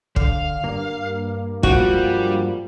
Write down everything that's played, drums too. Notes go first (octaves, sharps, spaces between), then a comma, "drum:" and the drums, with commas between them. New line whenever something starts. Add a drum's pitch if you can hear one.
D3 F5, drum: kick
G2 A#3
F3 G3 F#4, drum: kick